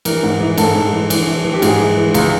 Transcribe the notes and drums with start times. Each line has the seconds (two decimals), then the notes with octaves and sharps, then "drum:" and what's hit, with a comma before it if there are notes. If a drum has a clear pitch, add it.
0.05 E3 A#4, drum: cymbal
0.23 G#2
0.41 E3
0.58 G#2 A4, drum: cymbal
0.75 G#2
0.93 E3
1.10 E3, drum: cymbal
1.27 E3
1.45 E3
1.53 G4
1.62 G#2 G#4, drum: cymbal
1.79 E3
1.97 E3
2.14 C#2, drum: cymbal